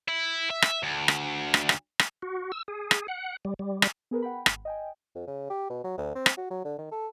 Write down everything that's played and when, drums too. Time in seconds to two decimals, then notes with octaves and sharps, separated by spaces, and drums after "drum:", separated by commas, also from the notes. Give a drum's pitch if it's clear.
0.08 E4
0.50 E5
0.62 drum: rim click
0.83 D2
1.08 drum: rim click
1.54 drum: rim click
1.69 drum: rim click
1.99 drum: rim click
2.22 F#4
2.52 E6
2.68 G#4
2.91 drum: rim click
3.08 F#5
3.45 G3
3.59 G3
3.82 drum: rim click
4.11 B3 G#4 A#4 B4
4.22 F#5 G5 B5
4.46 G#1, drum: rim click
4.65 D#5 G5 G#5
5.15 F2
5.27 C#3
5.50 G4
5.70 B2
5.84 F#3
5.98 D2
6.15 C4
6.26 drum: rim click
6.37 F#4
6.50 F#3
6.64 D3
6.78 D#3
6.91 A4